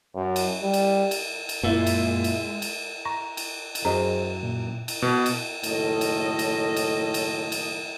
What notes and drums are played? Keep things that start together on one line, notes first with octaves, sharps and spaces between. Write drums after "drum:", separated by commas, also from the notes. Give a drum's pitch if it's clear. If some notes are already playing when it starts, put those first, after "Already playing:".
F#2
drum: cymbal
G3
drum: cymbal
drum: cymbal
drum: cymbal
F#2 A#2 G#3 E4 E5
drum: cymbal
drum: cymbal
drum: cymbal
A#5 C#6
drum: cymbal
drum: cymbal
F#2 G#4 C5 D#5 A#5
A#2
drum: cymbal
B2
drum: cymbal
F#1 A2 D#3 A4 C#5 D#5, drum: cymbal
drum: cymbal
drum: cymbal
drum: cymbal
drum: cymbal
drum: cymbal